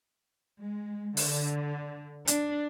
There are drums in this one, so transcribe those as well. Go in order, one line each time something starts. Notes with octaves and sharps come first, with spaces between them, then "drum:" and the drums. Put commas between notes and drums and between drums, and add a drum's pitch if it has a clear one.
G#3
D3, drum: open hi-hat
D4, drum: hi-hat